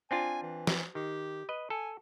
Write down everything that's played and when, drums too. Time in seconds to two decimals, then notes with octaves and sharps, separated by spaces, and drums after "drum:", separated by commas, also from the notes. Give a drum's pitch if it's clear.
0.11 C4 D4 F4 G#5
0.42 E3
0.67 drum: snare
0.95 D#3 G4
1.49 B4 D#5
1.70 A4 G#5